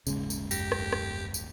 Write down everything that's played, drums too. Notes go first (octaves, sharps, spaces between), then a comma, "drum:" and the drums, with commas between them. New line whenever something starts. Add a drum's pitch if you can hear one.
D#1 G#1 C#3 G#3, drum: tambourine
drum: tambourine
F#2 G4 A#6, drum: tambourine
drum: rim click
drum: rim click
drum: tambourine